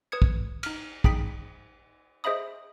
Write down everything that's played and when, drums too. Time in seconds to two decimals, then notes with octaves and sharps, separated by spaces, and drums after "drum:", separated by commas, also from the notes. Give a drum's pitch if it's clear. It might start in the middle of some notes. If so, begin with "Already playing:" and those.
0.12 B4 D#6 G#6 C#7
0.22 drum: kick
0.63 D#4 F6, drum: cymbal
1.04 D#4 G#4 G5 B5 B6 D7, drum: kick
2.24 G#4 C5 D#5 E5 B5 D#6